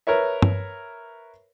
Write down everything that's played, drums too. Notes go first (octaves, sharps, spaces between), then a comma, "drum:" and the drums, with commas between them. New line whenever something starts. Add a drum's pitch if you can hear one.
A#4 B4 C#5 E5
drum: tom G2